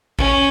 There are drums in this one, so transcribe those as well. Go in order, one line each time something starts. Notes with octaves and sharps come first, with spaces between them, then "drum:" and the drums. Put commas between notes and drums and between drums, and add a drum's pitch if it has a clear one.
C#4, drum: kick A1